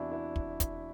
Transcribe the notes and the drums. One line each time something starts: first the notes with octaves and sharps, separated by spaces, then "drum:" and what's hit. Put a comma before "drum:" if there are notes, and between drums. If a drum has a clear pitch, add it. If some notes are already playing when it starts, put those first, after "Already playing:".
Already playing: E2 C3 E3 D4 E4 F#4
E4
drum: kick
drum: kick, hi-hat